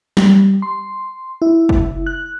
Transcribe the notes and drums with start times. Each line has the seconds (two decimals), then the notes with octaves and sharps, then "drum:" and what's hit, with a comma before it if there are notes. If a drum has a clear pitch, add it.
0.17 G3, drum: snare
0.62 C6
1.42 E4
1.69 drum: kick
2.06 F#6